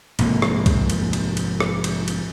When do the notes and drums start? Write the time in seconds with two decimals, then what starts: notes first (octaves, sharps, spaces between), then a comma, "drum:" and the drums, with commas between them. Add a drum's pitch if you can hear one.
0.19 A#1 G#2 C3 A#3, drum: cymbal
0.42 drum: rim click
0.66 drum: kick C2, cymbal
0.90 drum: cymbal
1.13 drum: cymbal
1.37 drum: cymbal
1.60 drum: rim click
1.84 drum: cymbal
2.08 drum: cymbal